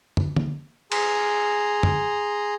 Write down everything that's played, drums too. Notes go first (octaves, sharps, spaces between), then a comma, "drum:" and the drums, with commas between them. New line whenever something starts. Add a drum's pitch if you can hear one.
drum: tom
drum: tom D3
G#4 A#5 C6, drum: cymbal
drum: tom